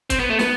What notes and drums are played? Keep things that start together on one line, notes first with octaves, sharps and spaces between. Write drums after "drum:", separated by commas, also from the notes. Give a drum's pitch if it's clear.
C4, drum: kick, hi-hat
B3
A3
B3, drum: snare